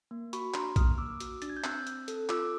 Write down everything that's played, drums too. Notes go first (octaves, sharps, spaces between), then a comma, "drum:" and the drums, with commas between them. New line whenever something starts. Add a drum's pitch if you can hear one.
A#3
F#4 B5 C#6, drum: hi-hat
D4 A#5 C6, drum: clap
A#3 D#6 F6, drum: kick A#1, hi-hat
A#3 D6 E6
F#4, drum: hi-hat
D4 A6, drum: hi-hat
G#6
G6
C4 E6 F#6, drum: clap
C4, drum: hi-hat
A4, drum: hi-hat
F4 D6 E6, drum: clap